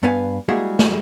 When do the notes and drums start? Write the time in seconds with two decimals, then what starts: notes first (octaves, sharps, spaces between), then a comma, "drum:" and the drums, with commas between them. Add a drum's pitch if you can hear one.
0.03 G2 B3 B4 F5 G#5
0.49 G3 G#3 A#3 E4 F#4 G#4
0.79 drum: snare